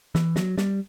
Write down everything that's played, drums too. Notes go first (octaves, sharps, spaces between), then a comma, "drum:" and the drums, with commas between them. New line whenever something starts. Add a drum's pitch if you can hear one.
E3, drum: snare
F#3, drum: snare
G3, drum: snare